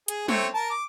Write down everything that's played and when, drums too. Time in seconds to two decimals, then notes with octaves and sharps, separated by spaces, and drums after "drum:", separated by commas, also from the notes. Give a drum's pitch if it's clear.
0.08 G#4, drum: hi-hat
0.28 A3 C4 C#5, drum: snare
0.54 A#4 A5
0.70 D6